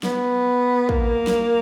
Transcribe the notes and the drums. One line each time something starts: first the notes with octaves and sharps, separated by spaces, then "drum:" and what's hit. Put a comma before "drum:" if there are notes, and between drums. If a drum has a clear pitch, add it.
B3, drum: snare
A#3, drum: kick
drum: snare